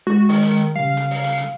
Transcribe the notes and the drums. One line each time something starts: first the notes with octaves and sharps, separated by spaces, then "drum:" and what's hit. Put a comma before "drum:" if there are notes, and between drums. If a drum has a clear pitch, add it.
G#3 F#4
D#3, drum: open hi-hat
drum: hi-hat
drum: hi-hat
C#3 G3 F5
drum: hi-hat
drum: open hi-hat
drum: hi-hat
drum: hi-hat